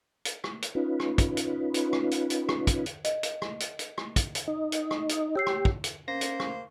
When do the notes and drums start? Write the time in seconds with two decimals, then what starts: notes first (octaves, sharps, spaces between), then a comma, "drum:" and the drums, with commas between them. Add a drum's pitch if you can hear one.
0.25 drum: hi-hat
0.44 drum: rim click
0.62 drum: hi-hat
0.75 C#4 D#4 F4 B4
1.00 drum: rim click
1.18 drum: kick, hi-hat
1.37 drum: hi-hat
1.74 drum: hi-hat
1.93 drum: rim click
2.11 drum: hi-hat
2.30 drum: hi-hat
2.49 drum: rim click
2.67 drum: kick, hi-hat
2.86 drum: hi-hat
3.05 D#5, drum: hi-hat
3.23 drum: hi-hat
3.42 drum: rim click
3.60 drum: hi-hat
3.79 drum: hi-hat
3.98 drum: rim click
4.16 drum: kick, hi-hat
4.35 drum: hi-hat
4.48 D#4
4.72 drum: hi-hat
4.91 drum: rim click
5.09 drum: hi-hat
5.36 G4 C#5 E6 C7
5.47 drum: rim click
5.65 drum: kick
5.84 drum: hi-hat
6.08 A#3 C#4 C5 A#6
6.21 drum: hi-hat
6.40 drum: rim click